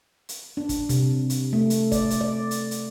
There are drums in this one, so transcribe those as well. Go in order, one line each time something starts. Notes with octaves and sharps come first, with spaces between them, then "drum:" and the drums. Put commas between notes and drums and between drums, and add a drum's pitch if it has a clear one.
drum: hi-hat
D4
drum: kick, hi-hat
C3, drum: hi-hat
drum: hi-hat
A3
drum: hi-hat
D5, drum: kick, hi-hat
drum: hi-hat
D5
drum: hi-hat
drum: hi-hat